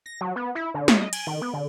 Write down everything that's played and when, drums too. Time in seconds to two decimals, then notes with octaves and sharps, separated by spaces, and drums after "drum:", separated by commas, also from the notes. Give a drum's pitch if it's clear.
0.06 A#6
0.21 F#3
0.36 B3
0.55 E4
0.74 D3
0.88 C#5, drum: snare
1.00 D#5
1.13 G#5, drum: cymbal
1.27 D#3
1.42 B3
1.54 D3